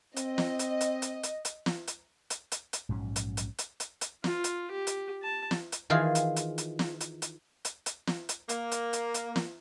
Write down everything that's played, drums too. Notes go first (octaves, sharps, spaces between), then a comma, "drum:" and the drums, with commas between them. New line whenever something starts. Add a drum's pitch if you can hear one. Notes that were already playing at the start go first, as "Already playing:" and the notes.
C4 D#5, drum: hi-hat
drum: snare
drum: hi-hat
drum: hi-hat
drum: hi-hat
drum: hi-hat
drum: hi-hat
drum: snare
drum: hi-hat
drum: hi-hat
drum: hi-hat
drum: hi-hat
A#1 G#2 F#3 C#4
drum: hi-hat
drum: hi-hat
drum: hi-hat
drum: hi-hat
drum: hi-hat
F4, drum: snare
drum: hi-hat
G4
drum: hi-hat
A5
drum: snare
drum: hi-hat
D#3 E3 F4 G#4
drum: hi-hat
drum: hi-hat
drum: hi-hat
drum: snare
drum: hi-hat
drum: hi-hat
drum: hi-hat
drum: hi-hat
drum: snare
drum: hi-hat
A#3, drum: hi-hat
drum: hi-hat
drum: hi-hat
drum: hi-hat
drum: snare